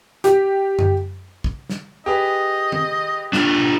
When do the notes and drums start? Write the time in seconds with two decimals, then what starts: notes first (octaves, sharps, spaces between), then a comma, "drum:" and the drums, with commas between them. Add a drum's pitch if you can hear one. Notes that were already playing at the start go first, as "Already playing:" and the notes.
0.24 G4, drum: hi-hat
0.79 drum: tom F#2
1.44 drum: kick
1.70 drum: snare
2.06 G4 G#4 B4 D#5
2.72 drum: tom D#3
3.33 D4 F4, drum: snare